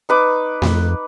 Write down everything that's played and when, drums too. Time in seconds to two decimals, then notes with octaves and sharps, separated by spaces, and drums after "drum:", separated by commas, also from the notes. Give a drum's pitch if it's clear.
0.09 D#4 B4 D6
0.62 F2, drum: snare A3